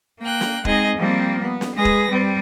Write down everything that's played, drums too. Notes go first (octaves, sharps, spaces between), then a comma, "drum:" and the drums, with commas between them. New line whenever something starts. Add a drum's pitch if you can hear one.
A#3 G5 F#6
drum: snare
G#3 C4 D#4 G#4 D#5, drum: kick
F3 G3 A#3 C4
B3
drum: snare
G#3 G#4 B4 A#6
drum: kick
G3 C4